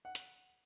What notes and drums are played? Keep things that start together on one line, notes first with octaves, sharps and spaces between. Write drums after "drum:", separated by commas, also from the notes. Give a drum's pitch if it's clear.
F#5
drum: hi-hat